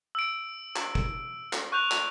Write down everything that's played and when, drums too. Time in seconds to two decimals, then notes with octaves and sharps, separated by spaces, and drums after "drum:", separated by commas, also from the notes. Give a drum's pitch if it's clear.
0.15 E6 D7
0.76 drum: clap
0.95 drum: kick
1.53 drum: clap
1.72 C#6 F#6 G6 F7
1.91 drum: clap